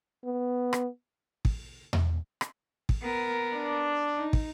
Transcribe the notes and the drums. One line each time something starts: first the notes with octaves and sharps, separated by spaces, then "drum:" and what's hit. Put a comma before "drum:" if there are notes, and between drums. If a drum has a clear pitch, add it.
B3
drum: rim click
drum: kick
drum: tom E2
drum: rim click
drum: kick
B3 A#4
D4
D#4
drum: kick